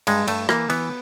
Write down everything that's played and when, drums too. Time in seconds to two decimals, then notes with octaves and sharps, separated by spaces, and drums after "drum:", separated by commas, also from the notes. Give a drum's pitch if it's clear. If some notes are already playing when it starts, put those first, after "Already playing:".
0.07 G2 G#3, drum: cymbal
0.28 G2 A3, drum: cymbal
0.49 E3 A#3, drum: rim click
0.70 E3 B3, drum: cymbal